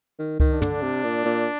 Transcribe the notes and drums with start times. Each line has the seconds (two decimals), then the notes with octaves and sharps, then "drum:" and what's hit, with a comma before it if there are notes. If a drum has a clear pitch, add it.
0.19 D#3
0.40 D#3, drum: kick C#2
0.51 D4
0.62 D3, drum: tom
0.82 C3
1.04 A#2
1.25 A#2